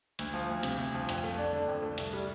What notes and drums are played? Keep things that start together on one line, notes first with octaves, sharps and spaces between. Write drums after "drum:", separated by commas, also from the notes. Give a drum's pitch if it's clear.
D2, drum: hi-hat
F3
D2
C3, drum: hi-hat
D2
F3
F2, drum: hi-hat
A3
D4
D3
F2
A3
C2, drum: hi-hat
G3